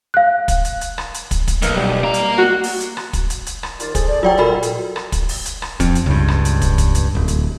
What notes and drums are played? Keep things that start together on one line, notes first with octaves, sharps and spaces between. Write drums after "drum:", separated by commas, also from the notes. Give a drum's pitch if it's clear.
F5 F#6
drum: kick, hi-hat
drum: hi-hat
drum: hi-hat
drum: rim click
drum: hi-hat
drum: kick, hi-hat
drum: kick, hi-hat
B1 A#3, drum: hi-hat
G3
A#3 A#5
drum: hi-hat
F#4
drum: open hi-hat
drum: hi-hat
drum: rim click
drum: kick, hi-hat
drum: hi-hat
drum: hi-hat
drum: rim click
D#2 F4 D5, drum: hi-hat
G#4 A4 C5, drum: kick, hi-hat
D5
F#3 F4 D5 G5
A#2 F#4 A4 A#4 B5
drum: hi-hat
drum: rim click
drum: kick, hi-hat
drum: open hi-hat
drum: hi-hat
drum: rim click
F2, drum: kick, hi-hat
drum: hi-hat
C#2 G2
drum: rim click
drum: hi-hat
drum: kick, hi-hat
drum: kick, hi-hat
drum: hi-hat
D1
drum: hi-hat